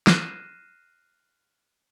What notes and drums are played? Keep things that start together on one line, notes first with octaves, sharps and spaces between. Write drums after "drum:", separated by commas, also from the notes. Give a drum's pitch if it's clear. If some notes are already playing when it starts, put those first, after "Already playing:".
F6 F#6 A#6 C7 D#7 E7, drum: snare